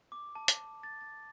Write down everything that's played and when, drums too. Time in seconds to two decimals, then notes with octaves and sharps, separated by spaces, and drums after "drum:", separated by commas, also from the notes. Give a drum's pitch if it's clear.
0.12 D6
0.35 A5
0.48 drum: hi-hat
0.83 A6
1.01 A6